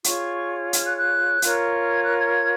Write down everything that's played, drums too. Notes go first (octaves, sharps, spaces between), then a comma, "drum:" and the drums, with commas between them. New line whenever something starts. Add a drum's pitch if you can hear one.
F4 G#4 C#5 C#6, drum: hi-hat
F6, drum: hi-hat
F#6
F#6
F4 A#4 C#5, drum: hi-hat
G#6
F#6
G#6